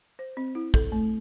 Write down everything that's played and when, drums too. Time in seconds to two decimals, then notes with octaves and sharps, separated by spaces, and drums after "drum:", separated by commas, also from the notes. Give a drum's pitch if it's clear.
0.19 C5
0.37 C4
0.55 E4
0.74 A4, drum: kick
0.92 A3